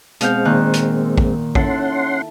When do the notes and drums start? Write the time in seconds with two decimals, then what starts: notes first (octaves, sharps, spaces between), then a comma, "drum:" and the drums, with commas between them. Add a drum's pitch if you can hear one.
0.21 B2 G#3 C4 F5 G6, drum: hi-hat
0.45 A#2 D#3 F#6
0.73 drum: hi-hat
1.18 drum: kick
1.55 C#4 E4 A4 F#5 C6, drum: kick